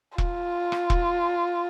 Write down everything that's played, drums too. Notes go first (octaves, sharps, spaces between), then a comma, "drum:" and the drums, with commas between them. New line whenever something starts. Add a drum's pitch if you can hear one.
F4, drum: kick E1
drum: rim click
drum: kick E1